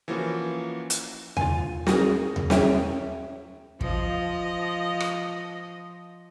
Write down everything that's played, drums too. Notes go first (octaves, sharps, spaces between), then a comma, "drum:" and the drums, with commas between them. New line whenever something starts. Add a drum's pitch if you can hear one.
E3 F3 A#3 C#4 F#4
drum: hi-hat
F4 G#5, drum: tom D#2
F#4 G#4 A#4, drum: snare
drum: tom D#2
C#4 A#4 E5 G5, drum: snare
F3 D#5, drum: kick
drum: rim click